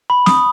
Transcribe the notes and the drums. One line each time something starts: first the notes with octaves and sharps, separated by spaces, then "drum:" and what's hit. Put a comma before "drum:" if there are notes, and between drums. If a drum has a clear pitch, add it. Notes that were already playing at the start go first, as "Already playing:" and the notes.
B5
D#6, drum: snare